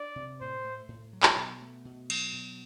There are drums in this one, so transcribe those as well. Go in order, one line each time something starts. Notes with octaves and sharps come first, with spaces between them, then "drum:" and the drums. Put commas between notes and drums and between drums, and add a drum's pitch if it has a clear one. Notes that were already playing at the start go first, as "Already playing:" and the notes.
Already playing: D4 D5
C3
A2 C5
A3
A2
F#3
drum: clap
B2
A3
B2
F#3, drum: cymbal
B2